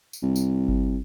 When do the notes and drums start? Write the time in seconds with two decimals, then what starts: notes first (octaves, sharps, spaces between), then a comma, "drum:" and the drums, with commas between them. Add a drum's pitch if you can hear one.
0.13 drum: tambourine
0.23 C2
0.36 drum: tambourine
0.68 drum: kick G1